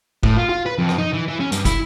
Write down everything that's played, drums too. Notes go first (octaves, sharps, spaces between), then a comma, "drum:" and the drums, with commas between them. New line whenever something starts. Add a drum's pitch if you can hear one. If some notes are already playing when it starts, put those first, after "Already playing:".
A2, drum: kick
F4
F4
B4
F2
drum: rim click
D#4
E3
E3
C#4
G2, drum: hi-hat
E4, drum: kick, hi-hat